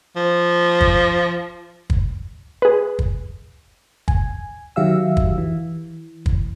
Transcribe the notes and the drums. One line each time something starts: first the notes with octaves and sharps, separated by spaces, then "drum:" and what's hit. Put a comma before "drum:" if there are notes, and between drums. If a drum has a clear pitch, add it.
F3
drum: kick
drum: kick
G#4 B4
drum: kick
G#5, drum: kick
D#3 F#3 G4 E5 F5 E6
drum: kick
E3
drum: kick